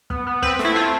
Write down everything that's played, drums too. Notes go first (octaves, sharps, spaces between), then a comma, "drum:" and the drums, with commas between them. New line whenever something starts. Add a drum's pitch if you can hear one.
B3, drum: kick
B3
C4 B4, drum: kick
A3, drum: snare
E4
C4 F4